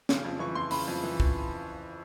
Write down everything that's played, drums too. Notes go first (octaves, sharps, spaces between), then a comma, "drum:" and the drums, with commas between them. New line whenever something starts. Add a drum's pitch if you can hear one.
C#3, drum: snare
F2
E3 C#6
F2 C6
C#3 B5, drum: open hi-hat
F2
E3
drum: kick